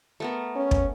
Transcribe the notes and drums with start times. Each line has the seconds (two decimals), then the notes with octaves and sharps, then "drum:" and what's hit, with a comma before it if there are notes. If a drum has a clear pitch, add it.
0.20 A3 B3 A#4
0.56 C#4
0.71 drum: kick